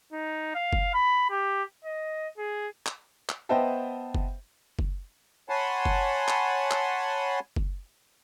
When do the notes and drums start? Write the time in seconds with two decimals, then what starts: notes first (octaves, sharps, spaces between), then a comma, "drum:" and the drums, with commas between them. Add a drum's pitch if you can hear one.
0.12 D#4
0.55 F5
0.73 drum: kick F#1
0.94 B5
1.30 G4
1.84 D#5
2.38 G#4
2.86 drum: clap
3.29 drum: clap
3.49 B3 C5 D#5 E5 G5 A5
4.15 drum: kick F#1
4.79 drum: kick F#1
5.49 C#5 F#5 G#5 A5 B5 C6
5.85 drum: kick F#1
6.28 drum: clap
6.71 drum: clap
7.56 drum: kick F#1